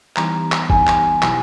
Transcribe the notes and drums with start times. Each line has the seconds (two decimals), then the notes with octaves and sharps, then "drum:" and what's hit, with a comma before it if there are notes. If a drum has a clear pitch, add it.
0.16 E3 G3 B3 D#4 G4 A#5, drum: clap
0.52 drum: clap
0.70 E3 G3 B3 D#4 G4 G#5, drum: kick
0.87 drum: clap
1.22 B2 F#3 B3 E4 G4, drum: clap